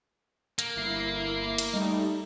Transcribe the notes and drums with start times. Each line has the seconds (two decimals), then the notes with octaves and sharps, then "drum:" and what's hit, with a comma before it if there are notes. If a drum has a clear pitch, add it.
0.59 A#3, drum: hi-hat
0.76 G1 E4 C7
1.58 drum: cymbal
1.73 G3 A3 D#4